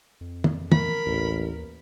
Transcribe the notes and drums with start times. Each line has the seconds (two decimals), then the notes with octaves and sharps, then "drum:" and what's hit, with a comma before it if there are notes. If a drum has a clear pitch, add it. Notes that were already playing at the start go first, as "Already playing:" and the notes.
0.21 F2
0.44 drum: tom
0.72 A#4 B5, drum: tom
1.06 A1 D#2